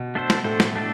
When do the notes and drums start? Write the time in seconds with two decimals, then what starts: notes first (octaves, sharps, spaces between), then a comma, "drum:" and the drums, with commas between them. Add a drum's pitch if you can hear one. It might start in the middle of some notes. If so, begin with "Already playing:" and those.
Already playing: B2
0.15 A3 D4 A4 C5
0.30 drum: snare
0.44 A2 A3 D4 A4 C5
0.60 drum: snare
0.75 A3 D4 A4